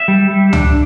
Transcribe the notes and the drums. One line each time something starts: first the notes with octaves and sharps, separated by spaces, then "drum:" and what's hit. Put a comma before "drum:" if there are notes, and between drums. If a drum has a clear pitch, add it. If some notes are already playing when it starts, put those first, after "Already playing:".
Already playing: E5
G3
G3
D4, drum: tom C#2